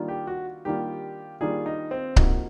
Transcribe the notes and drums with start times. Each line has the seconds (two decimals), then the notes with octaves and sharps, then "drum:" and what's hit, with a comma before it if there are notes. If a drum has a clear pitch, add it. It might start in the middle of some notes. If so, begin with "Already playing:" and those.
Already playing: D#3 G3 A#3 D4 F4
0.08 G4
0.27 F#4
0.65 D#3 G3 A#3 D4 F4 G4
1.40 D#3 G3 A#3 D4 F4 G#4
1.66 D#4
1.91 C4
2.16 C3 F3 A#3 D#4 F#4, drum: kick C#1